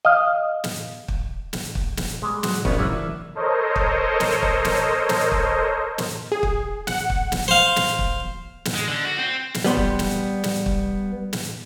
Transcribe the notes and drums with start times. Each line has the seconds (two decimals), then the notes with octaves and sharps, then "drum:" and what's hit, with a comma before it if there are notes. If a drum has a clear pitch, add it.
0.05 D#5 F5
0.64 drum: snare
1.08 drum: kick
1.53 drum: snare
1.75 drum: kick
1.97 drum: snare
2.22 G3 G#3
2.43 F#3, drum: snare
2.65 A#1 F3 B3 C#4, drum: kick
2.79 G#2 C#3 F#3 D4 E4 A#4
2.92 E3
3.35 A4 A#4 C5 C#5 D#5
3.76 drum: kick
4.20 drum: snare
4.42 drum: kick
4.65 drum: snare
5.09 drum: snare
5.31 drum: kick
5.98 drum: snare
6.32 G#4
6.43 drum: kick
6.87 F#5, drum: snare
7.10 drum: kick
7.32 drum: snare
7.48 C5 F5
7.76 drum: snare
7.99 drum: kick
8.66 drum: snare
8.75 G#3
8.88 D3
9.05 F#4
9.19 C4
9.55 drum: snare
9.64 G3 B3 C6
9.77 drum: kick
9.99 drum: snare
10.44 drum: snare
10.66 drum: kick
11.33 drum: snare